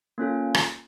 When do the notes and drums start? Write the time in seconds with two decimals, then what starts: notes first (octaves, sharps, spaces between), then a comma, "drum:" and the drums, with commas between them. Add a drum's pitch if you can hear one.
0.18 A#3 C#4 F4 A4
0.55 drum: rim click